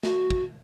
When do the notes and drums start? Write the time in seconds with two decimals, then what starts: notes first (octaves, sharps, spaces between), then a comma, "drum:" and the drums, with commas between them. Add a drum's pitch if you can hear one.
0.03 F#4, drum: snare
0.30 drum: kick